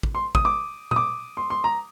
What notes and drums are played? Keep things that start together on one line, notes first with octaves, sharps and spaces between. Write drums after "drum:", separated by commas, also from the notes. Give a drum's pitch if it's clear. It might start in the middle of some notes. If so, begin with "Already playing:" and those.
drum: kick
C6
D#6, drum: kick
D6
D#6, drum: tom
D6
C6
C6
A#5